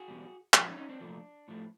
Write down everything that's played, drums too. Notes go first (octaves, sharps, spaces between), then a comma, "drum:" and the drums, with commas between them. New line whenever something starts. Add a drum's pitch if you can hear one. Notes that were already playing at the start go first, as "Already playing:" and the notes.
Already playing: F#4 G#4
E2 B2 G3
A#2 F3 G#3 F#4 G#4, drum: clap
C#4 D#4
C#4 D#4
C4 D4
C2 A#2 F3 A3
A2 F3 A3